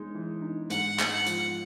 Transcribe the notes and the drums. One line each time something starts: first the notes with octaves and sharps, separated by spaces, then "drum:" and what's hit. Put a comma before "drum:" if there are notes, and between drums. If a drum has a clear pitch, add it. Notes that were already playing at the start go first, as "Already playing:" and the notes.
Already playing: G#3 D#4
E3
D#4
G#2 F#5, drum: hi-hat
G#2, drum: clap
F#5
F3, drum: hi-hat